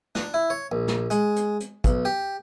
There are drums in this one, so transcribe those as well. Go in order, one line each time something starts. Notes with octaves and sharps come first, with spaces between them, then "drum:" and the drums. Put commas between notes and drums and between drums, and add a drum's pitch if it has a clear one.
D4, drum: snare
E4
C#5
A#1
drum: snare
G#3, drum: hi-hat
drum: hi-hat
drum: hi-hat
B1, drum: kick, hi-hat
G4